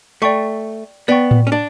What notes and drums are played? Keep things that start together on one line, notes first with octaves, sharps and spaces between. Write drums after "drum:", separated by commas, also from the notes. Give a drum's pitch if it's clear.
A3 D5 G5 C#6
B3 D5 G5 C#6
drum: tom A2
C#4
D4